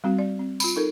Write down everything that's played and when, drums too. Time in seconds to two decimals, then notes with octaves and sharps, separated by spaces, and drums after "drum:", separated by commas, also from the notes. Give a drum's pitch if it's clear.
0.04 G3 C4 F#4
0.19 D5
0.39 C4
0.60 F4 B5, drum: tambourine
0.76 D#4 A4 A#4